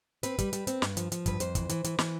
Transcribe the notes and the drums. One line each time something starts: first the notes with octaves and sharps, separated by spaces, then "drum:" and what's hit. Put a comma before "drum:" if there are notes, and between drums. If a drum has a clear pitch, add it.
C4 B4, drum: hi-hat
G3, drum: kick, hi-hat
G3, drum: hi-hat
C4, drum: hi-hat
G2, drum: snare
F3, drum: hi-hat
F3, drum: hi-hat
G2 B4, drum: kick, hi-hat
F2 C5, drum: hi-hat
E3, drum: kick, hi-hat
E3, drum: hi-hat
E3, drum: hi-hat
E3, drum: snare